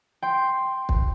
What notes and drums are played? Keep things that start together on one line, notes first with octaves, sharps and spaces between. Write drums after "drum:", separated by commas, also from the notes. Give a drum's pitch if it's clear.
G5 C6
drum: kick